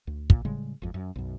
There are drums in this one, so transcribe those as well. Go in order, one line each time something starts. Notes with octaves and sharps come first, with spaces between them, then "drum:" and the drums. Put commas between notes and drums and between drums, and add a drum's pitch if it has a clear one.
D2
A#2, drum: kick
A2 C#3 G3 G#3
G#1 F2
F#2
B1 F#2